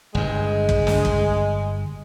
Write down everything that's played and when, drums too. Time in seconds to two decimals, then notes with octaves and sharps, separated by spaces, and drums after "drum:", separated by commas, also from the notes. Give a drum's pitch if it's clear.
0.15 G1 G2 G#3
0.69 drum: kick
0.87 drum: snare
1.05 drum: kick